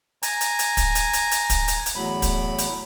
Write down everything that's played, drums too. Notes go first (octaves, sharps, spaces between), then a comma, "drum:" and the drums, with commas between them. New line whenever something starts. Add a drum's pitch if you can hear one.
G#5 A#5, drum: hi-hat
drum: hi-hat
drum: hi-hat
drum: kick, hi-hat
drum: hi-hat
drum: hi-hat
drum: hi-hat
drum: kick, hi-hat
drum: hi-hat
drum: hi-hat
E2 A2 F#3 B5
drum: kick, hi-hat
drum: hi-hat